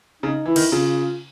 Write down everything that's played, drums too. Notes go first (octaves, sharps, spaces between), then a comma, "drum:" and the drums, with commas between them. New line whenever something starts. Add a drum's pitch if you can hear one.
C#3 D#4
E3 E4
D#3, drum: cymbal
C#3 F4